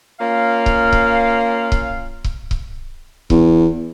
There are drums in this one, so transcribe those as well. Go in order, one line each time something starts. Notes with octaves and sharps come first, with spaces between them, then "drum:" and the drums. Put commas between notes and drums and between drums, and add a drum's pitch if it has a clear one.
A#3 C#4 F4 F5
drum: kick C#1
drum: kick C#1
drum: kick C#1
drum: kick C#1
drum: kick C#1
E2, drum: kick C#1